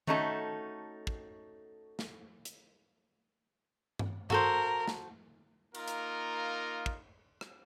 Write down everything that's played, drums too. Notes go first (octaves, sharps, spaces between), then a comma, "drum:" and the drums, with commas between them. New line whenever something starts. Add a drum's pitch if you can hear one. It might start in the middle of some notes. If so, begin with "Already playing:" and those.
A3 C#4 D#4 F#4 A4 E5, drum: tom D#3
drum: kick
drum: snare
drum: hi-hat
drum: tom G2
F#4 A4 A#4 C5, drum: tom G2
drum: snare
A#3 D#4 F4 A#4, drum: cymbal
drum: hi-hat
drum: kick
drum: rim click